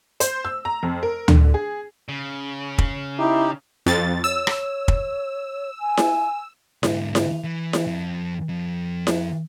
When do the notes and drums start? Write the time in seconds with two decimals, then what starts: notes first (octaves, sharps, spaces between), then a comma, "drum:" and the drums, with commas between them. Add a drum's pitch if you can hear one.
0.20 C5, drum: hi-hat
0.45 E6
0.65 A#5
0.83 F2
1.03 A#4
1.28 D3, drum: tom D2
1.54 G#4
2.09 C#3
2.78 drum: kick
3.19 D#4 E4 G4
3.86 F2 A6
4.24 C#5 E6
4.47 drum: rim click
4.88 drum: kick
5.80 G#5
5.97 drum: snare E4
6.83 G#2 D3, drum: snare E4
7.15 drum: snare E4
7.44 E3
7.73 drum: snare E4
7.87 F2
8.49 F2
9.07 drum: snare E4